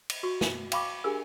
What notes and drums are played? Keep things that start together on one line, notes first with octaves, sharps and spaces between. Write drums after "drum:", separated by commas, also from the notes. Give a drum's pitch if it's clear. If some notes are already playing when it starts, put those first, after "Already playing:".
drum: cymbal
F#4 C#6
drum: snare
F5 G5 A5 B5 C#6 D6, drum: cymbal
D4 G4 G#4 A#4 G#5 E6